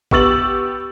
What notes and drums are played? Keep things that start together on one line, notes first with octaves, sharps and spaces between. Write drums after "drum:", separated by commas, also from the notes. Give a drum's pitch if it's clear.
B3 G4 C#6 E6 A6 F#7, drum: kick